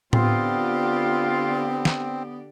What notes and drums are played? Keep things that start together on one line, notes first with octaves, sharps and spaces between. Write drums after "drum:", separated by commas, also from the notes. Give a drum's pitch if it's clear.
D3 B3 C4 F4 G4 D5, drum: tom A2
drum: snare